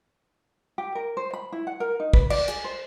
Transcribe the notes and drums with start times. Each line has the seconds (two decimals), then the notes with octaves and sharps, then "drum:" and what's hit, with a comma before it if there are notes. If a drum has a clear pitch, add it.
0.78 G4
0.95 A#4
1.17 C5
1.33 B5
1.52 E4
1.67 F#5
1.80 A#4
2.00 D#4
2.14 B4, drum: kick
2.30 D5, drum: cymbal
2.48 G#4, drum: hi-hat
2.64 C5